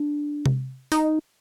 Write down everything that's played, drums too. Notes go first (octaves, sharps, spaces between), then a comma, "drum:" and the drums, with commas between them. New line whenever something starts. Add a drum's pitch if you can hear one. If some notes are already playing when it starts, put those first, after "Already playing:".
Already playing: D4
drum: tom C3
D#4, drum: open hi-hat